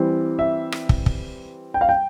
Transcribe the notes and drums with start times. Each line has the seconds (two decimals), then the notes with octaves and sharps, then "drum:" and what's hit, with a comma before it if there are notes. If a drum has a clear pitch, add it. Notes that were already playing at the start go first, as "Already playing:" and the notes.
Already playing: E3 G3 C4
0.39 E5
0.72 drum: rim click
0.89 drum: kick
1.06 drum: kick
1.74 G5
1.81 F5
1.89 G5